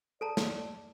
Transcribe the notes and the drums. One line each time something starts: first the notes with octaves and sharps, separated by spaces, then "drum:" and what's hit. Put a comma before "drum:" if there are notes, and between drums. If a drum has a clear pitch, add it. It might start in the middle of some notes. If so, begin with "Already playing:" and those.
A4 D5 A5 A#5
drum: snare